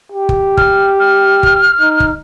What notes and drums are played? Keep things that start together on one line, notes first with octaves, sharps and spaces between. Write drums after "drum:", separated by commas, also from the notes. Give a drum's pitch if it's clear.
G4
drum: kick
F6, drum: kick
F6
drum: kick
D#4
drum: kick